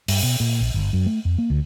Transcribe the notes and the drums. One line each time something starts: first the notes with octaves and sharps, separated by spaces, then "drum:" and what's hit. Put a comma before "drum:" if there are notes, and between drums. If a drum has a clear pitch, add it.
G2, drum: open hi-hat
B2
A#2
A#1
G1
F#2
A3
F2
A#3
D2